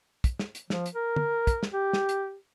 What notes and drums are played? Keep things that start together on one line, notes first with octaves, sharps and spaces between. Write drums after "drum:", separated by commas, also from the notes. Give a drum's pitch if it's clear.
drum: kick, hi-hat
drum: snare
drum: hi-hat
F3, drum: snare
drum: hi-hat
A#4
drum: tom
drum: kick, hi-hat
drum: snare
G4
drum: snare
drum: hi-hat